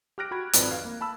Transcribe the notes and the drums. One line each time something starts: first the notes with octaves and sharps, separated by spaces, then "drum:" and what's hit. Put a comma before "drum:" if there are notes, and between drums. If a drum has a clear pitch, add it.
G4 G5 F6 F#6 A#6 D7
F#4 B5 G#6
G#1 F2 B4 D5, drum: hi-hat
F5
A#3
A5 B5 E6